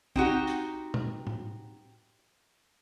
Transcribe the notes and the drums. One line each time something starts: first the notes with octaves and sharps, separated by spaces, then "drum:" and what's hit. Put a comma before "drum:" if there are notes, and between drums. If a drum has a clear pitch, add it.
C4 D#4 F#4 G4, drum: kick
drum: hi-hat
drum: tom A#2
drum: tom A2